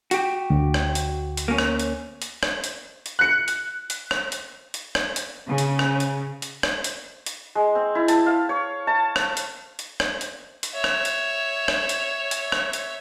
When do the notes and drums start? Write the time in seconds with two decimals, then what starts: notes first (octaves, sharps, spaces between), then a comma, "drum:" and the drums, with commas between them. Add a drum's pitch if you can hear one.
0.11 F#4 G4, drum: hi-hat
0.50 D2
0.74 drum: rim click
0.95 drum: hi-hat
1.37 drum: hi-hat
1.48 A#3 C#4
1.58 drum: rim click
1.80 drum: hi-hat
2.22 drum: hi-hat
2.43 drum: rim click
2.64 drum: hi-hat
3.06 drum: hi-hat
3.19 F#6 C#7
3.48 drum: hi-hat
3.90 drum: hi-hat
4.11 drum: rim click
4.32 drum: hi-hat
4.74 drum: hi-hat
4.95 drum: rim click
5.16 drum: hi-hat
5.48 C#3
5.58 drum: hi-hat
5.79 drum: rim click
6.00 drum: hi-hat
6.42 drum: hi-hat
6.63 drum: rim click
6.84 drum: hi-hat
7.26 drum: hi-hat
7.55 G#3
7.75 C4
7.95 E4
8.08 A5, drum: hi-hat
8.26 F5
8.49 C#5
8.87 A5
9.16 drum: rim click
9.37 drum: hi-hat
9.79 drum: hi-hat
10.00 drum: rim click
10.21 drum: hi-hat
10.63 drum: hi-hat
10.73 C#5 E5
10.84 drum: rim click
11.05 drum: hi-hat
11.68 drum: rim click
11.89 drum: hi-hat
12.31 drum: hi-hat
12.52 drum: rim click
12.73 drum: hi-hat